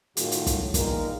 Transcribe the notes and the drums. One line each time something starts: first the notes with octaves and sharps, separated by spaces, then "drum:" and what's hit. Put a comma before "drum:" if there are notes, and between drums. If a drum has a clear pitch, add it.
F#2 A2 D#3 F4 F#4 G#4, drum: hi-hat
drum: hi-hat
drum: kick, hi-hat
A#2 D#3 E3 G#3 A#3 A#4, drum: kick, hi-hat